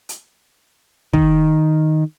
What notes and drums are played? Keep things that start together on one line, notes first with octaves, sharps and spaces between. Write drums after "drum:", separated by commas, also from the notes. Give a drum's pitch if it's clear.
drum: hi-hat
D#3, drum: kick